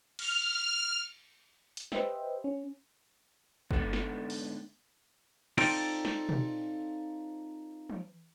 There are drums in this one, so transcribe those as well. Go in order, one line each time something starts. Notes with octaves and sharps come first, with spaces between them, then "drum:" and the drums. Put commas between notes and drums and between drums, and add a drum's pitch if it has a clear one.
F6, drum: cymbal
drum: hi-hat
G4 B4 C5 D#5 E5 G5, drum: snare
C#4
G#2 D3 A3 B3 A4 F#5, drum: kick G1
drum: snare
drum: open hi-hat
C4 D#4 F4 A4 D5 G5, drum: cymbal
drum: snare
drum: tom
drum: tom